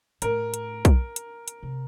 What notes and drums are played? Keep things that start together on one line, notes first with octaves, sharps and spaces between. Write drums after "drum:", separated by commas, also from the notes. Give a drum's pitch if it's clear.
A2 A#4, drum: hi-hat
drum: hi-hat
drum: kick B1, hi-hat
drum: hi-hat
drum: hi-hat
C3